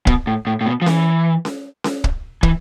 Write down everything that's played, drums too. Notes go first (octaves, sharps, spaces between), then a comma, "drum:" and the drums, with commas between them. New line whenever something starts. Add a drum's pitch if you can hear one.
B2, drum: kick
A2
A2
A2
B2
F3
E3, drum: snare C#4
drum: snare C#4
drum: snare C#4
drum: kick
E3, drum: kick